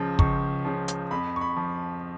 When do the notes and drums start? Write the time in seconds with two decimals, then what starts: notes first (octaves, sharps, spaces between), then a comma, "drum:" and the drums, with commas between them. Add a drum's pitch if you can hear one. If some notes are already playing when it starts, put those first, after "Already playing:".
Already playing: C#2 C#3 F3
0.19 C#2 C#6, drum: kick
0.65 C#3 F3
0.88 drum: hi-hat
1.11 F2 B5
1.36 C#6
1.41 B5
1.57 F3